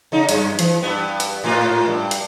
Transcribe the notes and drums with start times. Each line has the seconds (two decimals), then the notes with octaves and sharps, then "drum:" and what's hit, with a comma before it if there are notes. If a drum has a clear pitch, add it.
0.12 C#3 D#4
0.29 F#2, drum: hi-hat
0.59 E3, drum: hi-hat
0.82 G2 B3
1.20 drum: hi-hat
1.44 G#2 A#3 F4
1.88 G2
2.11 drum: hi-hat